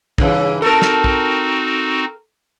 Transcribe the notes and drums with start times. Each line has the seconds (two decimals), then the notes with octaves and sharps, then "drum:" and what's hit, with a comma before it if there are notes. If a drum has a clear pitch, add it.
0.18 G2 C#3 E3, drum: kick
0.62 C4 D#4 F#4 A4 A#4
0.82 drum: snare
1.04 drum: kick